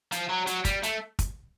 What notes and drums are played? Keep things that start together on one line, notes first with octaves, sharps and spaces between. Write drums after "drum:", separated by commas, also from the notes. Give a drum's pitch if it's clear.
F3, drum: hi-hat
F#3
F#3, drum: hi-hat
G3, drum: kick, hi-hat
A3, drum: hi-hat
drum: kick, hi-hat